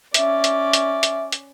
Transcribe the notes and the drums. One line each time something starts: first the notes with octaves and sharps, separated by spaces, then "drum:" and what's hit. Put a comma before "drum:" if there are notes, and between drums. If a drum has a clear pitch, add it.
C#4 D5 E5, drum: hi-hat
drum: hi-hat
drum: hi-hat
drum: hi-hat
drum: hi-hat